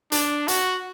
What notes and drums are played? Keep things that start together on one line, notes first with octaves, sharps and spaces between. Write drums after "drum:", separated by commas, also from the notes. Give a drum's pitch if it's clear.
D4, drum: hi-hat
F#4, drum: hi-hat